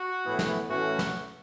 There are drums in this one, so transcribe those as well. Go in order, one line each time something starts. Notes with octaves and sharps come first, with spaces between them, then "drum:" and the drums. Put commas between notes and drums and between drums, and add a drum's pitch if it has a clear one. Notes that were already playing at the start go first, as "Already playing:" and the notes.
Already playing: F#4
A2 E3 B3 E4
drum: snare
A2 E3 A3 C#4 F#4
drum: snare